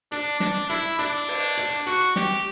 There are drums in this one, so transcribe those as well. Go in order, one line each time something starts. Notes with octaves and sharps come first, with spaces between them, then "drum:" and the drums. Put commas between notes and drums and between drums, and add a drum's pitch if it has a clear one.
D4, drum: hi-hat
D4, drum: snare
E4, drum: hi-hat
D4, drum: hi-hat
drum: open hi-hat
drum: hi-hat
F#4, drum: hi-hat
G4, drum: snare